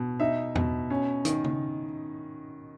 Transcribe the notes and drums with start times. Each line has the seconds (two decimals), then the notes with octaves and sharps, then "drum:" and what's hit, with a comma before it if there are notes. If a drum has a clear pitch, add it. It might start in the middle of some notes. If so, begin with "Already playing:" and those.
Already playing: B2
0.20 D#4 E5
0.55 B2, drum: tom E2
0.90 C#4
1.25 D#3, drum: hi-hat
1.44 drum: tom C#3